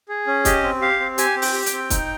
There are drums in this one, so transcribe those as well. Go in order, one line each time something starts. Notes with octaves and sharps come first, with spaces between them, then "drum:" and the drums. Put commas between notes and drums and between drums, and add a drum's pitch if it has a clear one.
G#4
C#4
G4 D#5, drum: kick, hi-hat
C4
G4 F5
C4
G4 G#5, drum: hi-hat
C4
G5, drum: open hi-hat
G4
G5, drum: hi-hat
C4
D#4, drum: kick, hi-hat